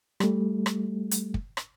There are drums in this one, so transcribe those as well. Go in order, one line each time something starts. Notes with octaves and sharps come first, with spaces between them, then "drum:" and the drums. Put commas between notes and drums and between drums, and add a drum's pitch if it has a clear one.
G3 A3, drum: rim click
drum: rim click
drum: hi-hat
drum: kick
drum: rim click